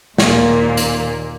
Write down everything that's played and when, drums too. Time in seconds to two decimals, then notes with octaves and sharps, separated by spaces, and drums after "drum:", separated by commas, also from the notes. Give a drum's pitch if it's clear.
0.18 D#2 A#2 A#3, drum: snare
0.77 drum: hi-hat